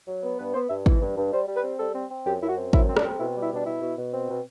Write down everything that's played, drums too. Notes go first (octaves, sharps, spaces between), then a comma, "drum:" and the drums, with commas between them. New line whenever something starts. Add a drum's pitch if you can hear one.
F#3
B3
G2 B4
B3 C5
G2 E5
E3, drum: kick G#1
G2
G2
G3 C5
G3
B4
C4
G3 A4
C4
C4
F#2 G4
F#2 E4
F#4
C4
F#2 E4, drum: kick G#1
C4
D4, drum: rim click
C4
B2 E4
G3
E4
B2 D4
B2 E4
B2
B2
C4
B2